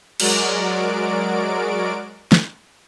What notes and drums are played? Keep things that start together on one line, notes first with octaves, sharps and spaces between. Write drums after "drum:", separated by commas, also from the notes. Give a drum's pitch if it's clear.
F#3 G#3 F#4 A#4 D5 D7, drum: cymbal
drum: snare